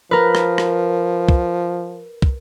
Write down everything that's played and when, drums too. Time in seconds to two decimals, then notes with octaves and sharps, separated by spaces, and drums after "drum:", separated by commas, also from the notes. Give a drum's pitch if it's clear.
0.11 F3 A#4 B4
0.35 drum: rim click
0.58 drum: rim click
1.29 drum: kick
2.22 drum: kick